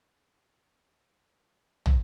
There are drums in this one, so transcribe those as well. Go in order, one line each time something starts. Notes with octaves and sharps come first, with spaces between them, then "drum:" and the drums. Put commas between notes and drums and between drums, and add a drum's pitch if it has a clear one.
B2
C4
G#1
D#2
C#3
drum: tom